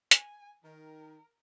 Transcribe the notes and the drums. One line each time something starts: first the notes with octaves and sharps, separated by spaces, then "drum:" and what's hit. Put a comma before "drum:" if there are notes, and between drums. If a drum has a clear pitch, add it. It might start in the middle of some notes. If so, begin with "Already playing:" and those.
G#5, drum: hi-hat
D#3 A#4